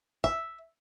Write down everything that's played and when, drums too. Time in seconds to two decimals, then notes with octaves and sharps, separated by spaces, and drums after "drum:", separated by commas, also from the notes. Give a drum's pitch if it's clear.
0.24 E5, drum: kick